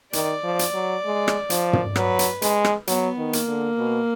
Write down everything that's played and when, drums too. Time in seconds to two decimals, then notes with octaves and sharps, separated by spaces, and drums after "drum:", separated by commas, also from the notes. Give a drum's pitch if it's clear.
0.13 D#3 D5, drum: hi-hat
0.44 F3
0.59 drum: hi-hat
0.74 F#3
1.05 G#3
1.28 drum: rim click
1.50 F3, drum: hi-hat
1.73 drum: tom
1.96 F#3 B4, drum: rim click
2.19 drum: hi-hat
2.42 G#3, drum: hi-hat
2.65 drum: rim click
2.87 F#3 B3, drum: hi-hat
3.17 D#3
3.33 A#3, drum: hi-hat
3.48 D3
3.78 B2